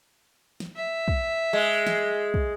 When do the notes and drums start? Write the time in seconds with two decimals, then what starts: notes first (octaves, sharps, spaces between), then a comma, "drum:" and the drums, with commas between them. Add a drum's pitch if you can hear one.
0.60 drum: snare
0.76 E5
1.08 drum: kick
1.53 G#3
1.87 drum: snare
2.34 drum: kick